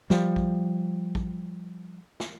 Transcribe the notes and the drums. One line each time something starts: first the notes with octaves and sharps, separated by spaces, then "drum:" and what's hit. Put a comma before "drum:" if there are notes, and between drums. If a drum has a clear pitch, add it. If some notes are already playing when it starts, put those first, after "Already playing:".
F3 G3, drum: snare
drum: kick
drum: kick
drum: snare